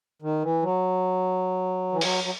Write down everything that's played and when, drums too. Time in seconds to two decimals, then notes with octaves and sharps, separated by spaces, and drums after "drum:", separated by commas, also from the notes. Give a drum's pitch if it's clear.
0.22 D#3
0.43 E3
0.62 F#3
1.92 E3
2.01 F#3, drum: open hi-hat
2.24 F#3